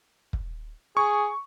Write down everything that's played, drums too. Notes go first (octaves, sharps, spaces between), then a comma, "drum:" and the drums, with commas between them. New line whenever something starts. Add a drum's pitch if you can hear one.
drum: kick
G#4 C#6